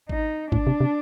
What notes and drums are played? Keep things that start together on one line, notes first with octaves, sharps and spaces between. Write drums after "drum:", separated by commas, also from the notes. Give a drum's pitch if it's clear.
D#4, drum: kick G#1
A2 D4, drum: kick G#1
C3
C3